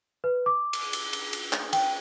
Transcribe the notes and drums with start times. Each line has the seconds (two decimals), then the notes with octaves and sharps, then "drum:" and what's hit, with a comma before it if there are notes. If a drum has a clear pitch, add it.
0.24 B4
0.46 D6
0.73 drum: cymbal
0.93 drum: cymbal
1.13 drum: cymbal
1.33 drum: cymbal
1.53 drum: clap
1.73 G5, drum: cymbal